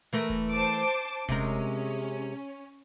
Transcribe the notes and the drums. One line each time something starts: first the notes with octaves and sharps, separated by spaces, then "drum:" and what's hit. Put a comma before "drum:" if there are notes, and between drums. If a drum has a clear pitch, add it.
E3 A3 A#4, drum: hi-hat
drum: kick E1
C5 A5 D6
C3 G#3 C#4 A#4, drum: kick E1